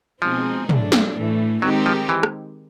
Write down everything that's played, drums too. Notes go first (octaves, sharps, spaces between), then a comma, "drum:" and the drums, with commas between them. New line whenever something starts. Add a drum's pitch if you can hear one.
B2 F3 G#3 C4 D#4 G#4
F#3 A3 D4, drum: tom
drum: snare
A2 E3 A3
D#3 F#3 G#3 C4 D#4 G4
F3
E3
drum: rim click